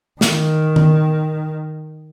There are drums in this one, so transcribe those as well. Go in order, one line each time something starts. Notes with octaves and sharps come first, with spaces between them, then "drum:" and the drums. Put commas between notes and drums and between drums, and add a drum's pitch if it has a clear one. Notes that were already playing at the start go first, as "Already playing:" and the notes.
D#3, drum: snare
drum: tom D#3